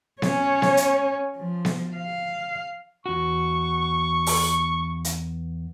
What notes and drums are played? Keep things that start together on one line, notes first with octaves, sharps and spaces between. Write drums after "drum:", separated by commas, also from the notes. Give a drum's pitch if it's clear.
C#4 C#5, drum: snare B3
drum: snare B3
drum: hi-hat
F3
drum: snare B3
F5
E2 F#4 C#6
drum: open hi-hat
drum: hi-hat